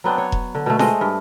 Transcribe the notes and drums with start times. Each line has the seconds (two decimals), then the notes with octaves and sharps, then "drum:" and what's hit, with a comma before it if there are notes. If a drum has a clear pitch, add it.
0.04 F#3 B3 C4 D4
0.18 C#5
0.32 drum: kick E1
0.55 D3
0.66 B2 A3
0.79 G#3 A3 C5 D#5, drum: snare
1.01 G2